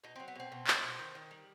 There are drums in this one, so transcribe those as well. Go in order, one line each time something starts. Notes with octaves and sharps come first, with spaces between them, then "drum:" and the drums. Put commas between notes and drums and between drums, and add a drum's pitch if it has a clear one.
B2 D#4
C4
F#3
B3
B2 C4
B2
B2, drum: clap
B2
D#3
D#3
G3